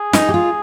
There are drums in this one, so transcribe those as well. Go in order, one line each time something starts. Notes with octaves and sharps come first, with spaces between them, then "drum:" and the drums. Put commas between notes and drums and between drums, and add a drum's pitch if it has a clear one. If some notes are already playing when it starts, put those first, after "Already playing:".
Already playing: G#4
D#4, drum: snare
G4
F4